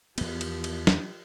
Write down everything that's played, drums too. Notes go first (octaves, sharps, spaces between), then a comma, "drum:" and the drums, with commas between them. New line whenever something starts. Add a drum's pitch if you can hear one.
E2 F3 B3 G4, drum: cymbal
drum: cymbal
drum: cymbal
drum: snare